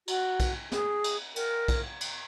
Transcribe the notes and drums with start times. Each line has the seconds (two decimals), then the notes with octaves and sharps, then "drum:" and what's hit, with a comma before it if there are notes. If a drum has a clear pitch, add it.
0.07 F#4, drum: cymbal
0.40 drum: kick, cymbal
0.72 G#4, drum: snare
1.04 drum: cymbal
1.36 A#4, drum: cymbal
1.68 drum: kick, cymbal
2.01 drum: cymbal